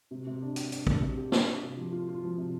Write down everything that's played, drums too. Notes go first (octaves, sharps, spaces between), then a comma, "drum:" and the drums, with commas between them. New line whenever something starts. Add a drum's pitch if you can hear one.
C3
C3
D4
D4, drum: hi-hat
D4, drum: hi-hat
D4, drum: kick
C3
G4
D4, drum: snare
D4
C3
F3
F4
F4
F3
C3